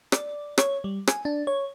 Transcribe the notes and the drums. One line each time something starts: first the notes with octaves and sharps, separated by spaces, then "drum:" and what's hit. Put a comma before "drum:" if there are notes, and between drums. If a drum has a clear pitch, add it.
D5, drum: rim click
C#5, drum: rim click
G3
G#5, drum: rim click
D4
C#5